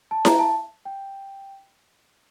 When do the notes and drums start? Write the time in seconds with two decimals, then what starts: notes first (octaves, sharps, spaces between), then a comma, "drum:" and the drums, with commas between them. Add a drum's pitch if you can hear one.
0.11 A5
0.25 A#5, drum: snare E4
0.39 A5
0.85 G5